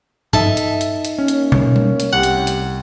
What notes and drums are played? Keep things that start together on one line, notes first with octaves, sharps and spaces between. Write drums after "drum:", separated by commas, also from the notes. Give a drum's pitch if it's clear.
D#4 A4 E5 A5, drum: tom G2
drum: hi-hat
drum: hi-hat
drum: hi-hat
A#3 C#4 C#5
drum: hi-hat
drum: tom B2
drum: tom G3
drum: hi-hat
C2 A2 C#4 G4 F#5
drum: hi-hat
drum: hi-hat